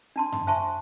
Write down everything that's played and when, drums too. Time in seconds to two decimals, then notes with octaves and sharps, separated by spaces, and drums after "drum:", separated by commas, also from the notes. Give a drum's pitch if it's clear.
0.16 D4 A5 C6
0.32 drum: tom F#2
0.47 C5 E5 G#5 A5 C6 C#6